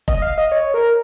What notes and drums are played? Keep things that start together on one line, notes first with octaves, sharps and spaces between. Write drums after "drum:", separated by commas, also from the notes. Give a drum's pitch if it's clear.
D#5, drum: kick F1
F5
D#5
C#5
A#4